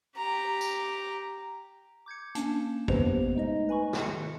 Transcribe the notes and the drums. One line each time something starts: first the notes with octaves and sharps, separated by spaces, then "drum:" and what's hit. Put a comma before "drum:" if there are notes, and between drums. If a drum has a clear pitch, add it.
G4 A#5
drum: tambourine
D6 G6 G#6 C#7
A#3 C#4 D4 A5, drum: hi-hat
A#3 B3 G4 B4 C5 F7, drum: kick G#1
G#3 A3 D#4 D#5
B4 G#5 B5 C#6
drum: snare
D#3 C#7